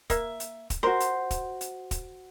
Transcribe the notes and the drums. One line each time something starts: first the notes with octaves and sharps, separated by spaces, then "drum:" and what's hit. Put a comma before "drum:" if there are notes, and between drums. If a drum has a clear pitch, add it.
A#3 E5, drum: kick, hi-hat
drum: hi-hat
drum: kick, hi-hat
F#4 A#4 C5
drum: hi-hat
drum: kick, hi-hat
drum: hi-hat
drum: kick, hi-hat